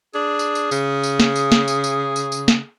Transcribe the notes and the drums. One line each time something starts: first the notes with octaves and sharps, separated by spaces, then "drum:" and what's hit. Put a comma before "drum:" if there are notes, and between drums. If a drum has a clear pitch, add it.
D4 G#4
drum: tambourine
drum: tambourine
C#3, drum: tambourine
drum: tambourine
drum: snare
drum: tambourine
drum: snare
drum: tambourine
drum: tambourine
drum: tambourine
drum: tambourine
drum: snare